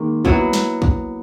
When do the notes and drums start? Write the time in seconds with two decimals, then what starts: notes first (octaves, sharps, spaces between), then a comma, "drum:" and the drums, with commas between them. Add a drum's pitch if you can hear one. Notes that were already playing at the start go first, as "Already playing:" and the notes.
Already playing: D#3 G#3 A#3
0.25 F#3 B3 E4, drum: kick
0.53 drum: snare
0.82 drum: kick